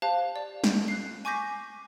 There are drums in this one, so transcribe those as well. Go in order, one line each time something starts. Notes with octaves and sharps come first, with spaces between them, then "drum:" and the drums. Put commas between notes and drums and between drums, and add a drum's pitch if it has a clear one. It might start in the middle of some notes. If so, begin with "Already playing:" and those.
G4 C5 F5 A5 F#6
D5
drum: snare
F#6 C7
G#5 C#6 D6 G6 A#6 B6